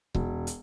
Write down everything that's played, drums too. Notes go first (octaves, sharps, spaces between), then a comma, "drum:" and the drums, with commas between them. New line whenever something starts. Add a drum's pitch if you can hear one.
E1, drum: kick C#1
drum: hi-hat